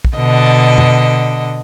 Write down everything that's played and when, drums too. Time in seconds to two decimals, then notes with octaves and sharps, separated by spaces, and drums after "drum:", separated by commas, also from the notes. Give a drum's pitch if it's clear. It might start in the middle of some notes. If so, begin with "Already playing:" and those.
0.05 drum: kick
0.16 B2 D3 D#5
0.78 drum: tom